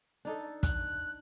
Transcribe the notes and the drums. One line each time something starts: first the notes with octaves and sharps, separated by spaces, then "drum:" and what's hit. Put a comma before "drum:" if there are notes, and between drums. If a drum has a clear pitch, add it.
D4 D#4 A4
F#6, drum: kick, hi-hat